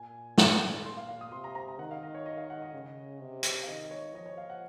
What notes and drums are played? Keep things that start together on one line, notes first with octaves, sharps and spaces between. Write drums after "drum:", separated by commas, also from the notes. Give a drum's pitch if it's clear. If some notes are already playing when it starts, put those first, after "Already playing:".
Already playing: A#2 G#5
C6, drum: snare
C6
F5
F5
D#6
C3 C6
A#5
A#5
A#5
D#3 F#5
F5
D#5
C#5
D#5
F5
F#5
D#5
C#3
C3
drum: hi-hat
F5
D#3 D#5
D#5
C#5
F3 D#5
C#5
F5
F#5